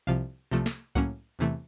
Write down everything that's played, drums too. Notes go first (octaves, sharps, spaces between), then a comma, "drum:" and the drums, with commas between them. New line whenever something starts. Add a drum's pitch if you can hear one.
C2 C3 F3 F5
C2 C3 F3 A3
drum: snare
A2 F#3 A#3 C#4 F#5, drum: kick C2
E2 C3 E3 A3